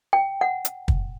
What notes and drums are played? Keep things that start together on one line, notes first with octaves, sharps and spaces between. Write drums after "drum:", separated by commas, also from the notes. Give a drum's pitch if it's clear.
G5
F#5
drum: hi-hat
drum: kick